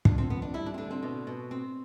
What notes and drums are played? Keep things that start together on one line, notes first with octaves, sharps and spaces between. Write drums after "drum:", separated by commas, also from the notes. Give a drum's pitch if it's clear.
F2 D4, drum: kick
C4
B3
D4
G3 E4
D4
C4
D3 D4
C4
B2
B2
C4